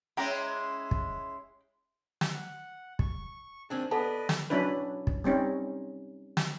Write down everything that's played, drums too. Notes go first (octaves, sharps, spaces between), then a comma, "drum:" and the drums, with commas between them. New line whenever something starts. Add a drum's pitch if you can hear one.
G#3 C#4 E4 G5 A#5 D6
drum: kick
drum: snare
F#5
C#6, drum: kick
D#3 C4 D4 G#4 G#5 F#6
B3 A4 B4 D5 D#5 A5
drum: snare
F#3 C#4 D4 E4 B4
drum: kick
G3 C4 C#4 D#4
drum: snare